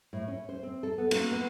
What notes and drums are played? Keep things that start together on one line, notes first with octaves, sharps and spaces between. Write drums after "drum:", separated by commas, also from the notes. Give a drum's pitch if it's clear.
A2
C#4
C5
C4
A4
B3
A#3, drum: cymbal
B3